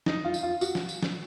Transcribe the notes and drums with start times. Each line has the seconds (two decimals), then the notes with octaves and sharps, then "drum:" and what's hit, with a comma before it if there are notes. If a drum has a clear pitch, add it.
0.06 D#4, drum: snare
0.25 F4
0.34 drum: tambourine
0.43 F4
0.61 F#4, drum: tambourine
0.75 drum: snare
0.89 drum: tambourine
1.03 drum: snare